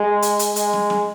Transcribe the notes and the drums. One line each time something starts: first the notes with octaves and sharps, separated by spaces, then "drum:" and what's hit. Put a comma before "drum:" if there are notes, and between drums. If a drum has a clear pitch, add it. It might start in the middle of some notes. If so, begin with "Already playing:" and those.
Already playing: G#3
drum: hi-hat
drum: hi-hat
G#3, drum: hi-hat
drum: snare
drum: snare